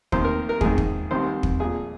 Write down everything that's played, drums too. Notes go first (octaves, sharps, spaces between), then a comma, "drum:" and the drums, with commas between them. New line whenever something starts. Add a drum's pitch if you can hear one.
D#2 D#3 C5, drum: kick
A#4
A#4
A#1 G#2 D#3 G#4, drum: kick
drum: kick
C2 C3 D#3 C5
drum: kick
A#1 A#2 G#4